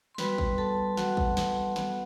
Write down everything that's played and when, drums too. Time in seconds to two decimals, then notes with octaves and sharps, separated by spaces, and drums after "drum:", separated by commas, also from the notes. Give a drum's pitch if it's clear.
0.15 C6
0.18 G3 B3 F#4 B4 B5, drum: snare
0.38 drum: kick
0.58 A4 A5
0.97 F#4 F#5, drum: snare
1.17 drum: kick
1.37 drum: snare
1.76 B3 F#4, drum: snare